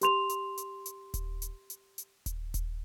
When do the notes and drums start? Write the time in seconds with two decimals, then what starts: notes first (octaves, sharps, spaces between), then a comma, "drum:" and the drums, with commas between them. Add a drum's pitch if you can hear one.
0.01 G4 C6 F7, drum: hi-hat
0.29 drum: hi-hat
0.58 drum: hi-hat
0.86 drum: hi-hat
1.14 drum: kick D#1, hi-hat
1.42 drum: hi-hat
1.70 drum: hi-hat
1.98 drum: hi-hat
2.26 drum: kick D#1, hi-hat
2.54 drum: kick D#1, hi-hat